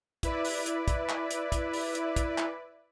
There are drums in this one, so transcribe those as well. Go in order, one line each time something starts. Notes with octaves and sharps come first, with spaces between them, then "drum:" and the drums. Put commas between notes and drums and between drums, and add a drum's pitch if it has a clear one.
E4 B4 D5, drum: kick, hi-hat
drum: open hi-hat
drum: hi-hat
drum: kick, hi-hat
drum: clap
drum: hi-hat
drum: kick, hi-hat
drum: open hi-hat
drum: hi-hat
drum: kick, hi-hat
drum: clap